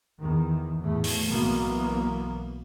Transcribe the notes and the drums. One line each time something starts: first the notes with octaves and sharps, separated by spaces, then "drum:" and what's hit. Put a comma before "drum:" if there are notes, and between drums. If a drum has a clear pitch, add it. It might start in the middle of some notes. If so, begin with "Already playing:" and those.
E2 D#3
E2 A2 A3
drum: open hi-hat
B1 E3 F#3 A#3 B3